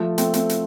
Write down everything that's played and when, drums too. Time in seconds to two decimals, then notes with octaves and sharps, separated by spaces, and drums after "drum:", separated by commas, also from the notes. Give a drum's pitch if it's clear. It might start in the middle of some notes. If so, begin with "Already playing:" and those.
Already playing: F3 A3
0.18 A3 C4, drum: hi-hat
0.34 A3 C4, drum: hi-hat
0.49 drum: hi-hat